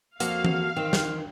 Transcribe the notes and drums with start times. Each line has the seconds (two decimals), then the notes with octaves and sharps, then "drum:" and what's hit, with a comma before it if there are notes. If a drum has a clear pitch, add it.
0.20 F2 A#3 F#4 A4 F5, drum: hi-hat
0.45 drum: tom E3
0.77 D#3 C4
0.93 drum: snare